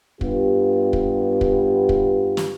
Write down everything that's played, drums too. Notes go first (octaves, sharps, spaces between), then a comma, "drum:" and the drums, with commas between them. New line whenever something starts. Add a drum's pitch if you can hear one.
G2 B3 F4 G4, drum: kick
drum: kick
drum: kick
drum: kick
drum: snare